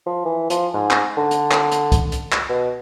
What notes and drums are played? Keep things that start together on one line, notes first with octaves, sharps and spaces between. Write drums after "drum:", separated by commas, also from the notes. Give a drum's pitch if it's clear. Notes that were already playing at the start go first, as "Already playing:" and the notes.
F3
E3
F3, drum: hi-hat
G#2
drum: clap
D3
drum: hi-hat
drum: clap
drum: hi-hat
drum: kick C2, hi-hat
drum: hi-hat
drum: clap
B2